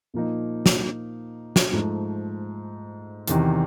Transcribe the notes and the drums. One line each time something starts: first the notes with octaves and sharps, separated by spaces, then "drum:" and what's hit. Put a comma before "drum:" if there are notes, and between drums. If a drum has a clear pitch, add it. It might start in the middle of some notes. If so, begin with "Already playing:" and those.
A#2 F3 A#3 D#4
drum: snare
drum: snare
G#2 F3 A3
E2 C3 D#3, drum: hi-hat